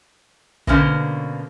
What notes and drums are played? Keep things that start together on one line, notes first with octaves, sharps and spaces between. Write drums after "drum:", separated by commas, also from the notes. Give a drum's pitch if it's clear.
B2 D3 A#3 C#4 C5, drum: kick